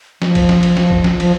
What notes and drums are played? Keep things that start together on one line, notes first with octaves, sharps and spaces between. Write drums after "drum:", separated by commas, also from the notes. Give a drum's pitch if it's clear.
F3, drum: snare
drum: kick, cymbal
drum: snare
drum: cymbal
drum: snare
drum: kick
drum: snare
F3, drum: cymbal